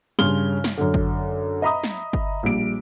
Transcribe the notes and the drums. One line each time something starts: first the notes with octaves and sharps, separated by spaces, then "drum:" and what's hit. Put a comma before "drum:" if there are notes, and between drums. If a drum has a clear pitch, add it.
G2 C#3 C#5 C6 F6 G7
drum: snare
F#2 D3
drum: kick G1
D#5 E5 A#5 B5 D#6
drum: snare
drum: kick G1
A#1 G3 D7